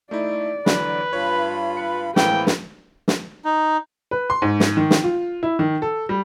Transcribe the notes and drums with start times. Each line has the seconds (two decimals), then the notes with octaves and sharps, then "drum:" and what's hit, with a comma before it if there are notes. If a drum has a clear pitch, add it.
0.11 A3 D#4 E4 D5
0.66 D3 E3 F#3 B4, drum: snare
1.13 G2 F4 C#5 B5
1.77 B4 C#7
2.16 A2 E3 G#3 A#3 C4 B4 G5, drum: snare
2.47 drum: snare
3.08 drum: snare
3.45 D#4
4.11 B4
4.30 C6
4.42 G#2
4.60 drum: snare
4.77 D#3
4.91 drum: snare
5.04 F4
5.43 E4
5.59 D#3
5.82 A4
6.09 G3